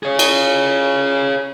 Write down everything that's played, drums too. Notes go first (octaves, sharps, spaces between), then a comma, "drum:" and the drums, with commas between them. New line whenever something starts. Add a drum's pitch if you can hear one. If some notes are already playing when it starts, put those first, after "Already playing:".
G#4 C#5
drum: cymbal